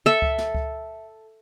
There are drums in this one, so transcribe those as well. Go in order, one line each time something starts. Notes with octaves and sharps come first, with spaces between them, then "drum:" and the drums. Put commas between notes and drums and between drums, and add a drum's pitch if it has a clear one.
A4 E5
drum: kick C#2
drum: snare
drum: kick C#2